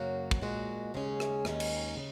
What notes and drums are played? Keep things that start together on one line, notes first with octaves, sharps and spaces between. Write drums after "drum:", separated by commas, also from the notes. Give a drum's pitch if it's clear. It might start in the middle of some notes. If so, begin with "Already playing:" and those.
Already playing: F#2 C#3 F#3 A#3 F#4
drum: kick
A#2 G#3 F#4
D#2 C#3 G#3 C#4 G#4
drum: rim click
D#2 D#3 G#3 C#4, drum: rim click
drum: cymbal
C#3